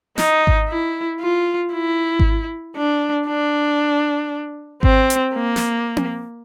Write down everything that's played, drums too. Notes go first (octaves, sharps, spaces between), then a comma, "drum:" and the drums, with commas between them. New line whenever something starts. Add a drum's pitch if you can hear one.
D#4, drum: snare
drum: kick G#1
E4
F4
E4
drum: kick G#1
D4
D4
C4, drum: kick G#1
drum: hi-hat
A#3
drum: snare
drum: tom C4